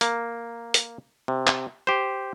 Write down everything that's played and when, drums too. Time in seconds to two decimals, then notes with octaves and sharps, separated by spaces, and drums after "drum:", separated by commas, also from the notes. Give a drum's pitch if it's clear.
0.01 A#3, drum: hi-hat
0.74 drum: hi-hat
1.28 C3
1.47 drum: clap
1.87 G4 C5